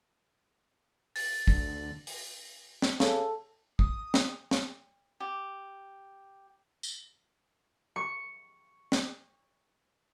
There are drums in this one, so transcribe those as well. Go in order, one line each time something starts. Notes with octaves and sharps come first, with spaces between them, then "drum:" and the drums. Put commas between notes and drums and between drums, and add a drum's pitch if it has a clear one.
A6 F#7, drum: open hi-hat
D2, drum: kick
drum: open hi-hat
drum: snare
C#3 A4, drum: snare
D#6, drum: kick
drum: snare
drum: snare
G4
drum: tambourine
C#6 C#7
drum: snare